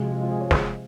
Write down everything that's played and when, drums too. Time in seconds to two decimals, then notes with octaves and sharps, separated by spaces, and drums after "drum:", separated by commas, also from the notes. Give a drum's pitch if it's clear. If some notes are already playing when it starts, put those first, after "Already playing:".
Already playing: C3 F3 G#3 F#4
0.22 F4
0.31 G#4
0.40 C#5
0.51 C5, drum: snare